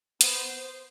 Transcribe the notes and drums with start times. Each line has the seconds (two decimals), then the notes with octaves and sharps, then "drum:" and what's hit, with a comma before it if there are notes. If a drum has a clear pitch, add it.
0.21 B3 C5, drum: hi-hat